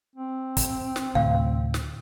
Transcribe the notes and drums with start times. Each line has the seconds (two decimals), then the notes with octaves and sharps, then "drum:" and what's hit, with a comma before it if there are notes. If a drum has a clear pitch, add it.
0.16 C4
0.57 drum: kick, hi-hat
0.96 drum: snare
1.15 D2 A2 C3 F5
1.74 drum: snare